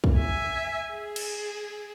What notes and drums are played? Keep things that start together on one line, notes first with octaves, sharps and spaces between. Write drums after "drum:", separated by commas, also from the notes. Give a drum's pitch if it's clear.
drum: kick
E5 G#5
G#4
drum: cymbal